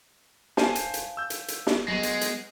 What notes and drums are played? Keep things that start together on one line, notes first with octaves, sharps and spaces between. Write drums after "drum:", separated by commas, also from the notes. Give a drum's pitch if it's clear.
C5 F5 G#5 A5, drum: snare
drum: hi-hat
drum: hi-hat
E6 G6
drum: hi-hat
drum: hi-hat
drum: snare
F#3 G#3 B3
drum: hi-hat
drum: hi-hat